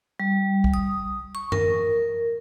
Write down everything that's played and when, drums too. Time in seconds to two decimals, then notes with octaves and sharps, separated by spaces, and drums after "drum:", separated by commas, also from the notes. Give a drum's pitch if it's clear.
0.20 G3
0.64 drum: kick
0.74 D#6
1.35 C#6
1.52 A#4, drum: tom F#2